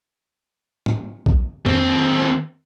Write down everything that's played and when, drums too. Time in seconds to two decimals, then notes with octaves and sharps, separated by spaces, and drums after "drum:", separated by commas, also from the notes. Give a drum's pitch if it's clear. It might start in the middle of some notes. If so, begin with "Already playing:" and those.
0.86 drum: tom G#2
1.26 drum: kick
1.66 D#2 C4, drum: tom F2